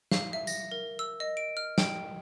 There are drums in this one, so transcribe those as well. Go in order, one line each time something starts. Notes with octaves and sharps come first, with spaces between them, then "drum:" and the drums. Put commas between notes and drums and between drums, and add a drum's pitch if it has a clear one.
F5, drum: snare
E5
A#6, drum: tambourine
A#4
E6
D#5
D7
F6
G5, drum: snare